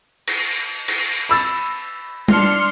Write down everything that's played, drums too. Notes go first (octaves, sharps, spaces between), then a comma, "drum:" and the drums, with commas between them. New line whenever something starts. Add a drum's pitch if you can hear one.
drum: cymbal
drum: cymbal
B5 E6 A6
D4 C6 F6 C#7, drum: tom G3